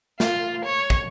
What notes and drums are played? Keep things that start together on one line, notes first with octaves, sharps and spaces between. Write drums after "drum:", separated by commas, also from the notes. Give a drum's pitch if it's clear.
F4, drum: snare
C#5
drum: kick